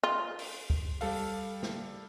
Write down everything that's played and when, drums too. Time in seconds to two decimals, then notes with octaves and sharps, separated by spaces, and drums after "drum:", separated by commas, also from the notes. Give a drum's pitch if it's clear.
0.03 F4
0.39 drum: open hi-hat
0.70 drum: kick
1.01 G3 A4 F5, drum: open hi-hat
1.63 drum: snare